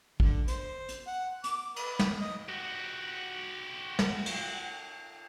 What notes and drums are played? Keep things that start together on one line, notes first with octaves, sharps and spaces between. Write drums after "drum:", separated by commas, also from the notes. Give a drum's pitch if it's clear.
D3, drum: kick A1
C5, drum: hi-hat
drum: hi-hat
F#5
D6, drum: hi-hat
B4, drum: cymbal
drum: snare
D#5
F#4 G4
drum: snare
drum: cymbal